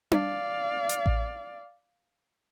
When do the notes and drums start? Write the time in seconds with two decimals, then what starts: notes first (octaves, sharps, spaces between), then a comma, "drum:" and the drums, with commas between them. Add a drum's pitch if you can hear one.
0.11 D5 F5, drum: tom D4
0.89 drum: hi-hat
1.06 drum: kick A1